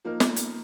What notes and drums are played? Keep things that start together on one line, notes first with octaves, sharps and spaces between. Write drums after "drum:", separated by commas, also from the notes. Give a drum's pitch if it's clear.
F3 A#3 D#4 A#4
drum: snare
drum: hi-hat